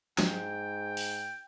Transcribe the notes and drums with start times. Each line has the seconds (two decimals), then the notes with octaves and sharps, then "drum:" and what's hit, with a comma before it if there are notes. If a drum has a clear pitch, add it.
0.19 G#2 G5, drum: snare
0.97 drum: open hi-hat